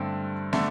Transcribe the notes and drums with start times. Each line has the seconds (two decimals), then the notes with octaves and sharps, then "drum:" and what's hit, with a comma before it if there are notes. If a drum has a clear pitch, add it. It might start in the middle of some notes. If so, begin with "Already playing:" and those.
Already playing: G2 D3 A3 C4
0.53 D3 A3, drum: snare